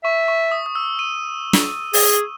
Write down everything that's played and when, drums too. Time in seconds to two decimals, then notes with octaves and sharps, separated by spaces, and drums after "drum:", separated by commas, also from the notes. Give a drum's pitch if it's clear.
0.04 E5 C#6
0.28 C#6
0.52 D#6
0.66 D#6
0.75 E6
0.99 D#7
1.53 drum: snare
1.93 G#4, drum: open hi-hat